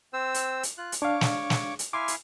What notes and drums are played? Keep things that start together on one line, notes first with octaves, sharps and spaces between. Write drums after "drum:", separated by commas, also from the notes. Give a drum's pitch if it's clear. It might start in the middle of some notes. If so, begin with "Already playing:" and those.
C4 C5 E6
drum: hi-hat
drum: hi-hat
F4 F#6
drum: hi-hat
D4 C#5 F5 C#6 D6
drum: snare
drum: snare
drum: hi-hat
E4 F5 G#5 C6 D6
drum: hi-hat